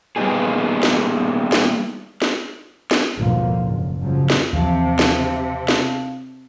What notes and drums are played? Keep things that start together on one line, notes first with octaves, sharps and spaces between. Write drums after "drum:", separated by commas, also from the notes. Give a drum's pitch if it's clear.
G3 A#3 B3 D#4 G4 G#4
drum: snare
drum: snare
drum: snare
drum: snare
G#1 D#2 B2 D3 F3 A#3
F#1 G#2
F2 G#2 C#3 F3 F#3
drum: snare
D#2 C3 E3 F3 F5 A5
drum: snare
drum: snare